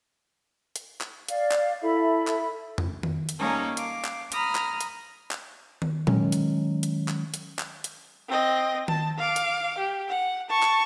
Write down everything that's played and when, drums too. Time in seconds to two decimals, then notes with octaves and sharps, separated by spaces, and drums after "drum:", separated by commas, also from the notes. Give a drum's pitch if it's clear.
0.76 drum: hi-hat
1.01 drum: clap
1.28 D5 F5, drum: hi-hat
1.52 drum: clap
1.82 E4 A4 E5 B5
2.27 drum: clap
2.78 drum: tom F2
3.03 drum: tom D#3
3.29 drum: hi-hat
3.39 G3 A#3 C#4 D#4 A4
3.77 F5 D6, drum: hi-hat
4.05 drum: clap
4.32 A#5 B5 D#6 F6 A#6, drum: hi-hat
4.55 drum: clap
4.81 drum: hi-hat
5.31 drum: clap
5.82 drum: tom D#3
6.07 D#3 F#3 G#3 C#4, drum: tom A#2
6.32 drum: hi-hat
6.83 drum: hi-hat
7.08 drum: clap
7.34 drum: hi-hat
7.59 drum: clap
7.84 drum: hi-hat
8.29 C4 D#5
8.88 A5, drum: tom D#3
9.18 F5 D6
9.36 drum: hi-hat
9.78 G4
10.08 F#5
10.49 A5 C#6
10.63 drum: clap